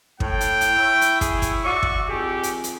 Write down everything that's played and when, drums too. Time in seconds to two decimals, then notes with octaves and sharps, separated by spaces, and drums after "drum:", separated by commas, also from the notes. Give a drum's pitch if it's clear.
0.20 A2 G5, drum: kick
0.41 drum: hi-hat
0.61 drum: hi-hat
0.77 E4 C#5 E5
1.01 drum: hi-hat
1.21 G#4, drum: kick, hi-hat
1.42 drum: kick, hi-hat
1.64 F#4 D5 E5 C#6
1.83 drum: kick
2.09 F2 D#3 G4 G#4
2.43 drum: hi-hat
2.64 drum: hi-hat